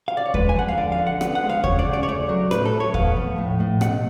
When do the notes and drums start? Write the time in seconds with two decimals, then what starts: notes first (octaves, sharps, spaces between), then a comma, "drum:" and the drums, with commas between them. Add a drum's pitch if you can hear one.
0.08 F5
0.17 D5
0.26 C#5
0.34 G#3 B4, drum: kick D#2
0.49 G#5
0.56 F3 F#5
0.68 F5
0.77 D3 D5
0.92 F5
0.99 D3
1.07 F#5
1.21 B3 F#5, drum: rim click
1.35 F#5
1.43 G#3
1.50 F5
1.64 C#3 C#5, drum: kick D#2
1.79 D5
1.85 C#3
1.93 D5
2.03 C#5
2.08 A3 D5
2.29 F#3
2.51 A2 B4, drum: rim click
2.65 A4
2.73 A2
2.80 C#5
2.94 B3 F5, drum: kick D#2
3.16 F3
3.38 A2
3.60 A2
3.81 B2 F#5, drum: rim click